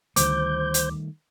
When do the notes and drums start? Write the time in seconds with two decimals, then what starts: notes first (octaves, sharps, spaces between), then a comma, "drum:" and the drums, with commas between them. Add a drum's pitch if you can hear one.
0.16 D2 D#3 G3 A3 C5 D6 G6, drum: hi-hat
0.74 drum: hi-hat